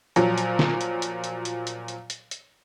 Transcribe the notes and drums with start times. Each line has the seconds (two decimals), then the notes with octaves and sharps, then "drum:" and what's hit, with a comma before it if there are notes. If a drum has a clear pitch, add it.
0.16 A#2 F3 F#3, drum: hi-hat
0.38 drum: hi-hat
0.59 drum: snare
0.81 drum: hi-hat
1.02 drum: hi-hat
1.24 drum: hi-hat
1.45 drum: hi-hat
1.67 drum: hi-hat
1.88 drum: hi-hat
2.10 drum: hi-hat
2.31 drum: hi-hat